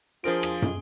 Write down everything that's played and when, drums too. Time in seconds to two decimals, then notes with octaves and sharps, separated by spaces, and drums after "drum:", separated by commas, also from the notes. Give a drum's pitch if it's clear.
0.24 F3 D4 F4 G#4 A#4 C5 C6 D7
0.43 drum: rim click
0.62 drum: tom